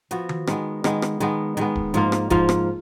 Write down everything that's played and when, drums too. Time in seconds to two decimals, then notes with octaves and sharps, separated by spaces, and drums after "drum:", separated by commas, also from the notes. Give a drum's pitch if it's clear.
0.11 F3 B3 F#4, drum: hi-hat
0.29 drum: tom D#3
0.47 D#3 G#3 B3, drum: rim click
0.84 D#3 G#3 B3, drum: rim click
1.02 drum: rim click
1.20 D#3 G#3 B3, drum: hi-hat
1.57 D#3 G#3 B3, drum: hi-hat
1.75 drum: kick D1
1.94 G#2 F3 A#3 F4, drum: hi-hat
2.12 drum: rim click
2.30 G#2 F3 A#3 F4, drum: kick D1, hi-hat
2.49 drum: rim click